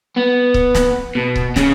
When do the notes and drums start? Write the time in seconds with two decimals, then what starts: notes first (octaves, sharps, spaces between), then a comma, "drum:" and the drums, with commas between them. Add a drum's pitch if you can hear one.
0.16 B3
0.54 drum: kick C#1
0.75 drum: snare
1.15 B2
1.36 drum: kick C#1
1.56 C#3 C#4, drum: snare